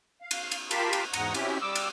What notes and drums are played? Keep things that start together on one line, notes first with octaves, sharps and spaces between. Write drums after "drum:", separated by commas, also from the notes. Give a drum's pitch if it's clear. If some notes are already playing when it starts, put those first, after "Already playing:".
F5
drum: cymbal
drum: cymbal
F4 G4 A#4 F5 A5 B5, drum: cymbal
drum: cymbal
E2 G#2 F#5 A#5 D#6, drum: cymbal
B2 C4 C#4 E4 G4, drum: cymbal
G3 D6 E6
drum: cymbal